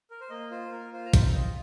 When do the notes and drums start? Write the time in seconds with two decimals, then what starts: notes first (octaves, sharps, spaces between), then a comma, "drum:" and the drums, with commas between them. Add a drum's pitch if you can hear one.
0.10 A#4
0.21 C5
0.30 A#3 D#5
0.51 F4 C5
0.71 A#3 A#4
0.93 F4 C5
1.05 A#5
1.14 C4 G5, drum: kick, hi-hat
1.35 F4 D#5